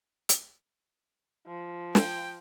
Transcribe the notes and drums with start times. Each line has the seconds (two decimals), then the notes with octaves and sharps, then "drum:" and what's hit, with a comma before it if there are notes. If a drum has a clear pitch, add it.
0.29 drum: hi-hat
1.47 F3
1.95 G5, drum: snare